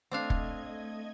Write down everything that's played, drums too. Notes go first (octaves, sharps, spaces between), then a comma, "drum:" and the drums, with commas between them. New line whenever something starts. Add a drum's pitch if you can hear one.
A3 C4 D4 D#5 F5 G#6
drum: kick